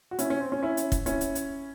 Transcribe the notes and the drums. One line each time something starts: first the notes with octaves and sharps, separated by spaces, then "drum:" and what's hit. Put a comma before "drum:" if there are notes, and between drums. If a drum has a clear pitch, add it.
F#4
C#4 E4, drum: hi-hat
C#4
C4
C#4
C#4 E4
drum: hi-hat
drum: kick, hi-hat
C#4 E4, drum: hi-hat
drum: hi-hat
drum: hi-hat